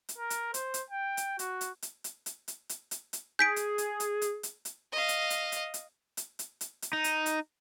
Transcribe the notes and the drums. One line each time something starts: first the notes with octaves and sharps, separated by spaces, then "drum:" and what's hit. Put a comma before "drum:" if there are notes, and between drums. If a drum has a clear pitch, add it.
drum: hi-hat
A#4
drum: hi-hat
C5, drum: hi-hat
drum: hi-hat
G5
drum: hi-hat
F#4, drum: hi-hat
drum: hi-hat
drum: hi-hat
drum: hi-hat
drum: hi-hat
drum: hi-hat
drum: hi-hat
drum: hi-hat
drum: hi-hat
G#4 G6 B6 D7
drum: hi-hat
drum: hi-hat
drum: hi-hat
drum: hi-hat
drum: hi-hat
drum: hi-hat
D#5 F5
drum: hi-hat
drum: hi-hat
drum: hi-hat
drum: hi-hat
drum: hi-hat
drum: hi-hat
drum: hi-hat
drum: hi-hat
D#4
drum: hi-hat
drum: hi-hat